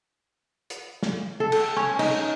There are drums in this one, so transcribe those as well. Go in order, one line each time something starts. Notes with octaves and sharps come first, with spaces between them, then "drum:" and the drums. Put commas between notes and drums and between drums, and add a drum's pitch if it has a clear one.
drum: hi-hat
drum: snare
A4
drum: cymbal
C#4
D#4, drum: cymbal